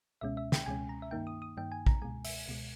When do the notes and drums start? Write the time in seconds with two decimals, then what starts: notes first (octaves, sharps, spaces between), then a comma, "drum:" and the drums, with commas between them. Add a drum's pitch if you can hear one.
0.21 C#2 B2 G#3 C#4 E5
0.37 E5
0.52 G5, drum: snare
0.66 C#2 B2 G#3 C#4 G#5
0.89 A#5
1.02 E5
1.11 G2 D#3 A#3 D#4 G5
1.27 D#6
1.42 D#6
1.57 G2 D#3 A#3 D#4 G5
1.72 G#5
1.86 A#5, drum: kick
2.02 C#2 B2 G#3 G#5
2.25 E5, drum: open hi-hat
2.48 C#2 B2 G#3